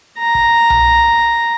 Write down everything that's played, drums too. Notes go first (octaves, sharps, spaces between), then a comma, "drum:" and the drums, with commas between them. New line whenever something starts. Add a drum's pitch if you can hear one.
A#5
drum: kick
drum: tom B1